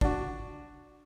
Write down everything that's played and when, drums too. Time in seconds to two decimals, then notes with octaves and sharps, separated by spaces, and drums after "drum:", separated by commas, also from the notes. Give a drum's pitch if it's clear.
0.01 D4 F#4, drum: kick